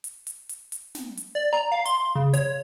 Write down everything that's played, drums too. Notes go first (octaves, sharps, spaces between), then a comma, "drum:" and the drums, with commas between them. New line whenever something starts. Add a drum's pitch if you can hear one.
drum: hi-hat
drum: hi-hat
drum: hi-hat
drum: hi-hat
drum: snare
drum: hi-hat
D5
A#5
F5
C6, drum: hi-hat
C#3
C#5, drum: hi-hat